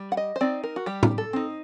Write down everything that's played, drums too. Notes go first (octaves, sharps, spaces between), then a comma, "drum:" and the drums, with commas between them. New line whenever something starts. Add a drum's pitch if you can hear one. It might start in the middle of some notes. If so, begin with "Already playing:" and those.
Already playing: G3
F#5
D#5
C5
C4 D#4 D5
A#4
F#4
G3 G4
drum: tom A2
A4
C4 D#4